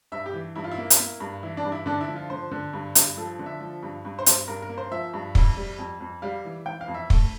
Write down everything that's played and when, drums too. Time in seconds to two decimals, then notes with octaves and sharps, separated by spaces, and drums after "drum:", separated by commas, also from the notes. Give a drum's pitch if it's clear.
0.12 G2 E5
0.26 G4
0.34 E3
0.55 G2 E4
0.64 F4
0.71 E4
0.78 A#3
0.90 drum: hi-hat
0.99 A#3
1.20 G2
1.43 E3 E4
1.57 D4
1.65 G2
1.72 E4
1.86 D3 D4
2.01 E4
2.08 F3
2.16 F4
2.30 D3 C5
2.52 D3
2.73 G2
2.95 G2, drum: hi-hat
3.17 F3 A4
3.39 D3
3.46 E5
3.60 F3
3.83 G2
4.05 G2
4.19 C5
4.26 G2, drum: hi-hat
4.48 G2 A#4
4.62 A#4
4.69 A#3
4.78 C5
4.91 F3 E5
5.14 G2
5.35 F2, drum: kick
5.57 G3
5.78 F2
6.01 F2
6.22 G3 F5
6.45 E3
6.66 E3 G5
6.81 F5
6.88 F2
6.94 E5
7.10 A3, drum: kick